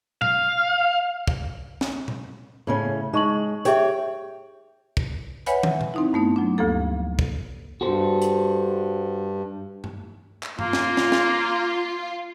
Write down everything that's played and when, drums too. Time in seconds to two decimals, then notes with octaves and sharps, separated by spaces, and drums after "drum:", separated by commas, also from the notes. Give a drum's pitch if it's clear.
0.22 F5, drum: tom A#2
1.27 drum: kick
1.81 drum: snare
2.08 drum: tom A#2
2.67 A2 C#3 C#4
3.13 G#3 D#4 C#6 F#7
3.65 G4 G#4 C#5 E5 G5, drum: hi-hat
4.97 drum: kick
5.46 B4 C#5 E5 F#5 G#5 B5, drum: hi-hat
5.63 drum: tom
5.81 drum: tom A#2
5.94 C4 D#4 E4
6.13 G2 A3 B3 D#4
6.36 F#3 D4
6.58 D2 G2 F3 A#3 A4
7.19 drum: kick
7.81 G2 F#4 A4 C5
8.22 drum: hi-hat
9.84 drum: tom G2
10.43 drum: clap
10.59 A#3 F4, drum: tom G2
10.73 drum: snare
10.97 drum: snare
11.12 drum: snare